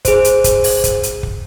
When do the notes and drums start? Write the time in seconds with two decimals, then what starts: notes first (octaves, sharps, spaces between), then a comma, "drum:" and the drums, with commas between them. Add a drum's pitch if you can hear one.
0.05 G#4 C5, drum: kick, hi-hat
0.24 drum: hi-hat
0.44 drum: kick, hi-hat
0.64 drum: open hi-hat
0.84 drum: kick, hi-hat
1.03 drum: hi-hat
1.23 drum: kick